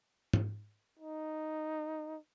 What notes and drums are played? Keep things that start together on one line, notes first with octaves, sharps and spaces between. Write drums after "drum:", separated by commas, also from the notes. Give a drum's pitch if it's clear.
drum: tom
D#4